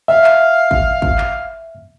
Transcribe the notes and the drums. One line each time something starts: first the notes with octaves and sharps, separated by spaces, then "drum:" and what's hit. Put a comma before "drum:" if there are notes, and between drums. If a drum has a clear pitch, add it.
E5 F5
drum: clap
drum: kick
drum: kick
drum: clap